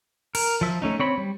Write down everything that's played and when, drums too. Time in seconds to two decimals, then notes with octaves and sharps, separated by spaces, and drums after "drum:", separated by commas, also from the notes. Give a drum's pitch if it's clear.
0.35 A#4, drum: cymbal
0.61 F3 E5
0.82 A3 C#4 D#4
0.99 C4 C#5 B5
1.18 G3